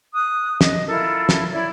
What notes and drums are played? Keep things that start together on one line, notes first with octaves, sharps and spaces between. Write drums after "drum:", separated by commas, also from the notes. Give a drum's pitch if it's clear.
D#6 F#6
D#5, drum: snare
E4 F4 A4 A#4
drum: snare
E4 C#5 D5